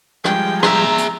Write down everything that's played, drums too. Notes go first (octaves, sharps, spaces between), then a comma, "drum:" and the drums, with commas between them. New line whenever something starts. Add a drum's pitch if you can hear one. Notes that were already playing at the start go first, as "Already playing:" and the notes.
F3 G3 G#3 G5, drum: rim click
G#4 E5 A#5, drum: rim click
drum: hi-hat